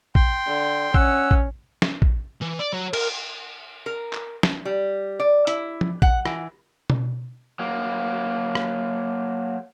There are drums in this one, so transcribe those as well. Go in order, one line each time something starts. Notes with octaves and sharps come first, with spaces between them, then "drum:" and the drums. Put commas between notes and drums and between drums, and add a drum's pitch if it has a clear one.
G5 C6, drum: kick
D3
C#4 F#5 E6, drum: kick
drum: kick
drum: snare
drum: kick
E3
D5
F#3
A#4, drum: cymbal
A#4
drum: clap
drum: snare
G3
D5
E4, drum: hi-hat
drum: tom F3
F#5, drum: kick
E3, drum: rim click
drum: tom B2
F#3 A#3
drum: rim click